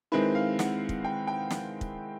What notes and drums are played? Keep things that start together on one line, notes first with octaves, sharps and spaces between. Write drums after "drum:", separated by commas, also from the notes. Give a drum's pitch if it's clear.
D#3 G#3 C4 E4 B4
F5
F#5, drum: snare
drum: kick
G5
G5
drum: snare
drum: kick